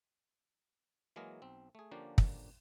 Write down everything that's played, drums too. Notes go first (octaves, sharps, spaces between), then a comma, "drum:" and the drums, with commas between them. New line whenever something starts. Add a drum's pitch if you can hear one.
E3 F#3 G#3 A#3 G#4 A#4
B1 C4
A3 G#4
D3 F3 A#3 C#4 D4 G4
drum: kick